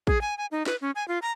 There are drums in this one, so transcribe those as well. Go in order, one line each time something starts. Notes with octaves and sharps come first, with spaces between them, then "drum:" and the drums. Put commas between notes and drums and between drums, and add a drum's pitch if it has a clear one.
G#4, drum: kick
G#5
G#5
D#4
B4, drum: snare
C#4
G#5
F4
A#5